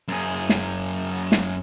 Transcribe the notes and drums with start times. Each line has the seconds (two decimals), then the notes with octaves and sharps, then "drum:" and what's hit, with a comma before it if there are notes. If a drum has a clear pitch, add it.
0.08 F#2 G#4
0.49 drum: snare
1.32 drum: snare